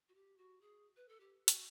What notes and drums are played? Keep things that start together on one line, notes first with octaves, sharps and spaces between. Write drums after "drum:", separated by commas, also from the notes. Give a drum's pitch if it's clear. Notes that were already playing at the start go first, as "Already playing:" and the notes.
F#4
G4
F#4
G#4
B4
A4
G4
F#4, drum: hi-hat